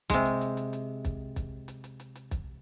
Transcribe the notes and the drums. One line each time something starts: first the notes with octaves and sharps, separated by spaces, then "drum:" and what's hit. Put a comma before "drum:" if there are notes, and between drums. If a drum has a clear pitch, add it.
C3 G#3, drum: kick, hi-hat
drum: hi-hat
drum: hi-hat
drum: hi-hat
drum: hi-hat
drum: kick, hi-hat
drum: kick, hi-hat
drum: hi-hat
drum: hi-hat
drum: hi-hat
drum: hi-hat
drum: kick, hi-hat